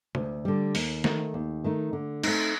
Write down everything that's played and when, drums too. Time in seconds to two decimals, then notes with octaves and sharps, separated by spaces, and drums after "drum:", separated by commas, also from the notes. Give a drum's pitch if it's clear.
0.15 D2, drum: tom
0.45 D3 G3
0.75 D#2, drum: open hi-hat
1.04 D#3 A3 D#4, drum: snare
1.34 D#2
1.64 D#3 A3 D#4
1.93 D3
2.23 A3 C4 D#4, drum: cymbal